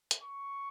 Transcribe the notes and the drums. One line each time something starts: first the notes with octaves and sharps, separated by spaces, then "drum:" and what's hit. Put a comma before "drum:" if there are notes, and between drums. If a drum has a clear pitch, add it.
drum: hi-hat
C#6